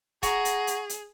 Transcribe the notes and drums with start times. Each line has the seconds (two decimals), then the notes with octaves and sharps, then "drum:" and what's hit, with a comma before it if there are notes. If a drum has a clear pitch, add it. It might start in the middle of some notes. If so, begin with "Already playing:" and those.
0.23 F#4 G#4 A#5, drum: kick, hi-hat
0.45 drum: hi-hat
0.67 drum: hi-hat
0.89 drum: hi-hat